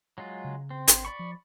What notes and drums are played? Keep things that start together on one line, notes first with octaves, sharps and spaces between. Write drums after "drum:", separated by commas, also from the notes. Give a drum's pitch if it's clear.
F#3 G#3 F4
C#3
C4
G#1, drum: hi-hat
D5 B5 C#6
F3